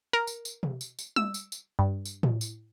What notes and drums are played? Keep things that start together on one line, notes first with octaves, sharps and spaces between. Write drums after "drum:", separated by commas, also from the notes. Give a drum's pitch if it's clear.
A#4
drum: tambourine
drum: tambourine
drum: tom B2
drum: tambourine
drum: tambourine
E6, drum: tom G3
drum: tambourine
drum: tambourine
G2
drum: tambourine
drum: tom A2
drum: tambourine